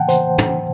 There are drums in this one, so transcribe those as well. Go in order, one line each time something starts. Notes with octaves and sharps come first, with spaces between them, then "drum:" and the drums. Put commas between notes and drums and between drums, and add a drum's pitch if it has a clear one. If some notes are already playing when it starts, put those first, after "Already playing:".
Already playing: A2 E3 F#5 G5 A5
C5, drum: hi-hat
drum: tom